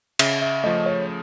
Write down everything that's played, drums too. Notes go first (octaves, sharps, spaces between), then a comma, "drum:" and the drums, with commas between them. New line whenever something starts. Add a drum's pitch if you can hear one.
C#3 E5, drum: cymbal
E5
F3 A3 D#5
C#5